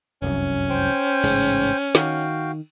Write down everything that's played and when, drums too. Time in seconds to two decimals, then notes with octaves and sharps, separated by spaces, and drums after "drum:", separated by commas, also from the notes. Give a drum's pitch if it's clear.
0.22 F1 C2 F#2 C#4
0.70 C5 G5
1.24 A1 G#2 C#3, drum: cymbal
1.95 D#3 F#4 F5 G5, drum: snare